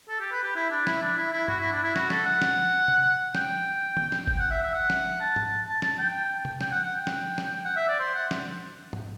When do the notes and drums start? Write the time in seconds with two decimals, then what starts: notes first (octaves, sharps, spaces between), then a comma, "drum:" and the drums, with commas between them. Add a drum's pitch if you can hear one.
0.09 A4
0.20 G4
0.32 B4
0.43 G4
0.56 E4
0.71 D4
0.87 E4, drum: snare
1.02 D4
1.17 E4
1.33 E4
1.48 F#4, drum: tom G2
1.60 E4
1.72 D4
1.84 E4
1.96 F#4, drum: snare
2.10 A4, drum: snare
2.26 F#5
2.42 drum: snare
2.88 drum: tom
3.35 G5, drum: snare
3.97 drum: tom D#3
4.12 drum: snare
4.27 G5, drum: kick G#1
4.39 F#5
4.51 E5
4.63 E5
4.74 F#5
4.90 drum: snare
5.20 A5
5.36 drum: tom G#2
5.67 A5
5.82 A5, drum: snare
5.99 G5
6.45 drum: tom
6.61 G5, drum: snare
6.72 F#5
6.84 F#5
6.96 G5
7.07 drum: snare
7.38 drum: snare
7.53 G5
7.65 F#5
7.76 E5
7.89 D5
8.00 C5
8.15 F#5
8.31 drum: snare
8.93 drum: tom G#2